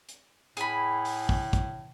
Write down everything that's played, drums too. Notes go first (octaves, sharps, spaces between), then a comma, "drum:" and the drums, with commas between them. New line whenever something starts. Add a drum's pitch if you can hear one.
drum: hi-hat
A2 G#4 B5, drum: hi-hat
drum: open hi-hat
drum: kick
drum: kick, hi-hat